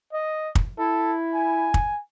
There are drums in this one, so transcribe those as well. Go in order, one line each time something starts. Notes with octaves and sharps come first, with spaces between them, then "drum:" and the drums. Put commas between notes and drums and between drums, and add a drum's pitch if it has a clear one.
D#5
drum: kick
E4 A4
G#5
drum: kick